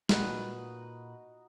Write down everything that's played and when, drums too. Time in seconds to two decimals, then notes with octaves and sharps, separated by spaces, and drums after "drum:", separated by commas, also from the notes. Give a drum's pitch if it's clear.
0.09 A#2 D#4 F#4 B4, drum: snare